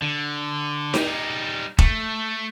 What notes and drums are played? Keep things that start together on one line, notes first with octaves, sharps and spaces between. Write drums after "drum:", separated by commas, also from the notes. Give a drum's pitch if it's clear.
D3
G3 D#4, drum: snare D#4
A3, drum: kick F1